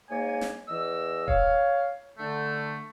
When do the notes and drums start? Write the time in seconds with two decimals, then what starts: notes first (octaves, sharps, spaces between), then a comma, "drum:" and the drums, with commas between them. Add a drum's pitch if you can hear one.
0.10 G#2 A#3 C#5 G#5
0.41 drum: snare
0.69 E2 E3 D#5 E6
1.28 C#5 F5, drum: kick D#1
2.19 D3 A3